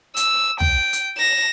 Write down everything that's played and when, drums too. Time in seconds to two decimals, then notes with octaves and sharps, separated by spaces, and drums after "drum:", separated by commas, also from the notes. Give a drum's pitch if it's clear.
0.17 E6, drum: hi-hat
0.60 G5, drum: tom
0.93 drum: hi-hat
1.18 A#6 E7